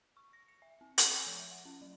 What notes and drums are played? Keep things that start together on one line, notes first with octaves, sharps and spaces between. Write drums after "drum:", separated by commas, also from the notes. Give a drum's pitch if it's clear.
C#6
A#6
C#7
E5
C4
A4, drum: hi-hat
G#5
F3
E5
F#5
C#4
F#3